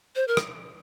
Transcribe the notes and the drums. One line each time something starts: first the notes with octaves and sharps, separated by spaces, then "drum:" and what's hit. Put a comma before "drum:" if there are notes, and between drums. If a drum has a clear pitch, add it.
C5
A#4
drum: rim click